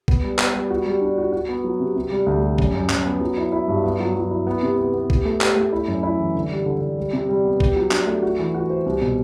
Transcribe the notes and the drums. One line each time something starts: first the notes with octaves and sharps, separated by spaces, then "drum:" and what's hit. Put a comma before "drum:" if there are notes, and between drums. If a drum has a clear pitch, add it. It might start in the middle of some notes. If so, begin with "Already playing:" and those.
B3, drum: kick A1
G3
B3, drum: clap
G3
F#4
G3
D4
F#4
F#4
B3
F#3
C3
C3
G3
D2
G3
F#2, drum: kick A1
F#2
F#2, drum: clap
B3
F#3
E4
E4
G2
B3
F#3
F#3
E4
B3
C3
B3
B3
G4, drum: kick A1
A3
G4, drum: clap
A3
E4
F#2
E4
E3
D3
G3
D3
D3
G3
C3
G3
B3
G4, drum: kick A1
F#3
D4, drum: clap
A3
F#4
E3
F#4
C5
C2
B2